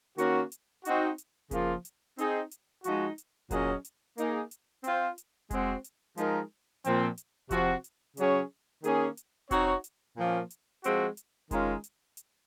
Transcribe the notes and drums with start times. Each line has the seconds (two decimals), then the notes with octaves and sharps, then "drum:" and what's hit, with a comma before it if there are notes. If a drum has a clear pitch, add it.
0.18 D#3 A#3 C#4 F#4, drum: hi-hat
0.52 drum: hi-hat
0.85 C4 D#4 F#4, drum: hi-hat
1.18 drum: hi-hat
1.51 C#3 F3 A#3 F4, drum: kick F1, hi-hat
1.85 drum: hi-hat
2.18 C4 D#4 G#4, drum: hi-hat
2.51 drum: hi-hat
2.84 F3 G#3 D#4 F#4, drum: hi-hat
3.18 drum: hi-hat
3.51 A#2 F#3 C#4 G#4 D#5, drum: kick F1, hi-hat
3.85 drum: hi-hat
4.18 A#3 D#4 G#4, drum: hi-hat
4.51 drum: hi-hat
4.84 C4 F4 C5, drum: hi-hat
5.18 drum: hi-hat
5.51 G#3 C4 F#4, drum: kick F1, hi-hat
5.84 drum: hi-hat
6.17 F3 G#3 D#4 A#4, drum: hi-hat
6.84 A#2 F3 C4, drum: hi-hat
7.18 drum: hi-hat
7.51 C3 F3 C4 F#4, drum: kick F1, hi-hat
7.84 drum: hi-hat
8.17 C#3 F#3 C#4 G#4 C#5, drum: hi-hat
8.84 D#3 A#3 C#4 G#4, drum: hi-hat
9.17 drum: hi-hat
9.51 C4 D#4 F#4 C#5, drum: kick F1, hi-hat
9.84 drum: hi-hat
10.18 A#2 F3 A#3 C#4
10.50 drum: hi-hat
10.84 F3 G#3 C4 F#4, drum: hi-hat
11.17 drum: hi-hat
11.51 D#3 G#3 C#4 F4 A#4, drum: kick F1, hi-hat
11.84 drum: hi-hat
12.17 drum: hi-hat